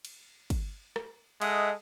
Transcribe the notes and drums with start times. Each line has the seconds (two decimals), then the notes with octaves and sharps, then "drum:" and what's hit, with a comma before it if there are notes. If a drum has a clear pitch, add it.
0.05 drum: cymbal
0.50 drum: kick, cymbal
0.96 drum: rim click
1.42 G#3 A4 D#5 E5 F#5 D#6, drum: cymbal